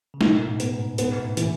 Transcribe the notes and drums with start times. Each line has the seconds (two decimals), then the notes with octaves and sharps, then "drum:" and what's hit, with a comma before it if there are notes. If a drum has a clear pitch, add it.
0.14 C#3
0.21 B2 D#4, drum: snare
0.36 G#2
0.47 A2
0.60 B3, drum: hi-hat
0.74 G#2
0.98 G#2 B3, drum: hi-hat
1.24 A2
1.37 B2 E3, drum: hi-hat